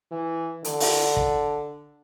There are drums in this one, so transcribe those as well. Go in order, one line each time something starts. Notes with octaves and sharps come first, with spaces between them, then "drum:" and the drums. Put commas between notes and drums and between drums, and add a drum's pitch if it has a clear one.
E3
D3, drum: hi-hat
drum: open hi-hat
drum: kick